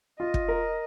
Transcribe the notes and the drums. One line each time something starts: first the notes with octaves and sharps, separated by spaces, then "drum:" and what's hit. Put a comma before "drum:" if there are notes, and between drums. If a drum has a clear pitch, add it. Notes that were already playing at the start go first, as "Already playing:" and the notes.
F4 D#5
drum: kick
A#4